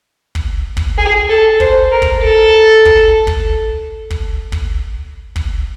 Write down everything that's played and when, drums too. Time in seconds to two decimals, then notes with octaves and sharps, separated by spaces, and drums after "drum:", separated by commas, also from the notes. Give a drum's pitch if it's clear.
0.35 drum: kick
0.77 drum: kick
0.98 G#4
1.29 A4
1.60 C5, drum: kick
1.91 A#4
2.02 drum: kick
2.22 A4
2.85 drum: kick
3.27 drum: kick
4.10 drum: kick
4.52 drum: kick
5.36 drum: kick